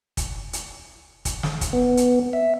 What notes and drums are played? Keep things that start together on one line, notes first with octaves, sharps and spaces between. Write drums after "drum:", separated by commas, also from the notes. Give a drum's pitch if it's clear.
drum: kick, hi-hat
drum: hi-hat
drum: kick, hi-hat
drum: snare
drum: kick, hi-hat
B3
drum: hi-hat
E5